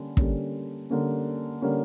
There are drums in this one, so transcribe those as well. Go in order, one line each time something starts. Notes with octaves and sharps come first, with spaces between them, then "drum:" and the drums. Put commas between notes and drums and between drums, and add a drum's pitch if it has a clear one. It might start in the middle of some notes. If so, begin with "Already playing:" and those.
Already playing: D3 G3 A#3 C#4
D3 G3 A#3 C#4, drum: kick
D3 G3 A#3 C#4
D3 G3 A#3 C#4